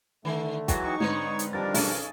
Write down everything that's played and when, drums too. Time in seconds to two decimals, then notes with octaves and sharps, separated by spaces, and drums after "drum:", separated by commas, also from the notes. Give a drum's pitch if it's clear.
0.25 D3 D#3 A3
0.68 E3 F#3 G#3 F#4 G5, drum: kick, hi-hat
0.84 D#4 C#6
1.00 G#2 D3 C4 B4 C#5
1.39 drum: hi-hat
1.53 D#3 F3 G3 D4 A#4 A5 A6
1.74 B1 C#4 G#4 A4 D#7, drum: open hi-hat